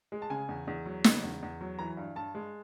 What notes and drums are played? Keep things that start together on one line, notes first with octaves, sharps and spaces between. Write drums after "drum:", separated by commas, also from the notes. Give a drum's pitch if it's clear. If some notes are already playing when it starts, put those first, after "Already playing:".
G#3
A5
C#3 G#5
E2
E2
F#3
C#3, drum: snare
E2
E2
F#3
E3 A#5
G2
G2 A5
G#3